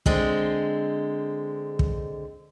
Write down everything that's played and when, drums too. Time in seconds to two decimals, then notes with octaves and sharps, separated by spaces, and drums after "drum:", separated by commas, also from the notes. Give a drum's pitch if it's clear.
0.06 D3 G#3 C4, drum: kick
1.79 drum: kick